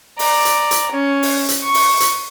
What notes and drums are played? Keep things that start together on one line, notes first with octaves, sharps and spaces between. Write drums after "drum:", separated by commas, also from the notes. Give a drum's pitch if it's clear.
D5 A#5, drum: open hi-hat
drum: hi-hat
drum: hi-hat
C#4
drum: open hi-hat
drum: hi-hat
C#6
drum: open hi-hat
drum: hi-hat